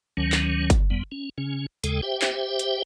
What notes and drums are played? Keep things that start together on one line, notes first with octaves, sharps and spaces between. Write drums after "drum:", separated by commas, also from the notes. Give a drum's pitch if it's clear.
D2 D#3 F#3 C#4
drum: clap
drum: kick F#1, hi-hat
F2 G3 B3
C#4
C#3 C#4
D#2 C#3 G#3 A4 G5, drum: hi-hat
G4 C5 E5 G5
drum: clap
drum: hi-hat